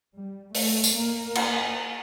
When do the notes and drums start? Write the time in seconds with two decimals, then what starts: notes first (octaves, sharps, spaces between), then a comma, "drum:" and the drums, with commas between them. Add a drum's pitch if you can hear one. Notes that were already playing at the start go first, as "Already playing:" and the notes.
0.15 G3
0.55 A3, drum: open hi-hat
0.84 drum: tambourine
0.94 A#3
1.35 drum: cymbal